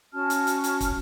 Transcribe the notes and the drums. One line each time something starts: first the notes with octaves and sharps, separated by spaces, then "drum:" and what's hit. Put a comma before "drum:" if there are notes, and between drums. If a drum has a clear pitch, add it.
C#4 F#4 A5 F6
drum: hi-hat
drum: hi-hat
drum: hi-hat
drum: kick, hi-hat